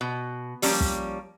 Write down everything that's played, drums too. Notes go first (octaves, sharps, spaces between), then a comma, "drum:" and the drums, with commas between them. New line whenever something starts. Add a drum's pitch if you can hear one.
B2
F3 G3 A#3 C#4, drum: open hi-hat
drum: kick